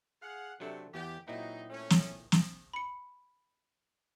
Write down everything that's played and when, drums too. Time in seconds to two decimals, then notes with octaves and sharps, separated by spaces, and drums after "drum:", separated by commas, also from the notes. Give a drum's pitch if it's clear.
0.23 G#4 F5 F#5
0.60 C3 F#3 A3 D4 A4
0.94 E2 B3 G4
1.28 A#2 F#3 C4 D#4 E4
1.70 A3 C#4
1.90 drum: snare
2.32 drum: snare
2.74 B5 C#7